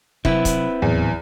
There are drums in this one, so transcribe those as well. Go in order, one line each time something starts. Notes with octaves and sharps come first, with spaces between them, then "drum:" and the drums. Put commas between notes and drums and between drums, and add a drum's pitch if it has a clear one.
C3 F#3 C4 E4 B4, drum: kick
drum: kick, hi-hat
D#1 E2 A2 F#3